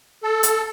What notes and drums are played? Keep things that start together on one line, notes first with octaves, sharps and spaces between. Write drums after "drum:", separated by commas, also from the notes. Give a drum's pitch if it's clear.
A4
drum: hi-hat